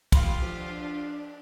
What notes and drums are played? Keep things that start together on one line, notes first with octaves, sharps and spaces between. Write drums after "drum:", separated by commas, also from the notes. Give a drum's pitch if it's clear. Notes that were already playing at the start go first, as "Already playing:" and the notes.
F4 G4 F5 B5 C6, drum: kick, cymbal
F3 D4